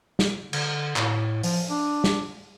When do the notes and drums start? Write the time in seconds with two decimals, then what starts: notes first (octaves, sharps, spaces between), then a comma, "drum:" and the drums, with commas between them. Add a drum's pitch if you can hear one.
0.19 drum: snare
0.53 D3, drum: cymbal
0.96 A2, drum: clap
1.43 F3, drum: open hi-hat
1.70 D4
2.04 drum: snare